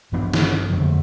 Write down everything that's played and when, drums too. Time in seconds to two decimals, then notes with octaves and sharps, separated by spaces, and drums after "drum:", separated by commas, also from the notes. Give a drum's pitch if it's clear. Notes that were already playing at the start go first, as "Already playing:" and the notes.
0.12 G2 F3 B3 D4
0.34 drum: snare
0.72 F2 D3 F3 A3